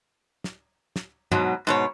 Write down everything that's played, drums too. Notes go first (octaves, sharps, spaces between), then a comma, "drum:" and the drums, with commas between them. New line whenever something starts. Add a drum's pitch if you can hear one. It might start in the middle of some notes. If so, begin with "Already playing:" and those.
drum: snare
drum: snare
G#2 B2 F#3, drum: tom G2
G#2 B2 C#5